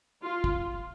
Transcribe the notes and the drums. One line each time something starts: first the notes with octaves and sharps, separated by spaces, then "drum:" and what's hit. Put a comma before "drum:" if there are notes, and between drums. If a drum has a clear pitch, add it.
F4
drum: kick